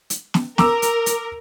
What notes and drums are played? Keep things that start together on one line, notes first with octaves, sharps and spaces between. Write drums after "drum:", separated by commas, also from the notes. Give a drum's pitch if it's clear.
drum: hi-hat
drum: snare
A#4 A#5 D6 E6, drum: snare
drum: hi-hat
drum: hi-hat